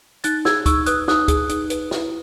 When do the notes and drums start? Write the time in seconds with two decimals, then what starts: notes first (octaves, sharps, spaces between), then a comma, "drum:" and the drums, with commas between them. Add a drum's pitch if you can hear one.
0.24 D#4 F#6 A6, drum: hi-hat
0.45 G#4 E6 G#6, drum: snare
0.66 D#4 C#6 E6, drum: kick, hi-hat
0.86 B4 D#6 F#6, drum: hi-hat
1.08 D#4 D#6 F#6, drum: snare
1.28 G#4, drum: kick, hi-hat
1.49 D#4, drum: hi-hat
1.70 B4, drum: hi-hat
1.91 E4, drum: snare